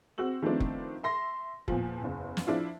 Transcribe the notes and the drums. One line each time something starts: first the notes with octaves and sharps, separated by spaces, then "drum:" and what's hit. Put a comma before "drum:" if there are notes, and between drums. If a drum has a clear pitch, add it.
C4 F#4 E6 F#7
D#3 F3 A3 B3 C4 D4
drum: kick F1
E5 C6 A#6
E2 A#2 F3, drum: kick F1
F#1 E2
drum: snare
F3 D4 E4 F4